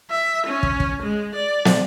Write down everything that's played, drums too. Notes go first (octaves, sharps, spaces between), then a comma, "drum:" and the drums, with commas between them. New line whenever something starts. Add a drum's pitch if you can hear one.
E5
C#4
drum: kick
drum: kick
G#3
D5
drum: snare